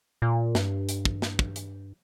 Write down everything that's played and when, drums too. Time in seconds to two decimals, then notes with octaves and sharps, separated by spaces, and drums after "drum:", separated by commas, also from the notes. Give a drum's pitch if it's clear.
0.22 A#2
0.55 G2, drum: snare
0.89 drum: hi-hat
1.05 drum: kick
1.22 drum: snare
1.39 drum: kick
1.56 drum: hi-hat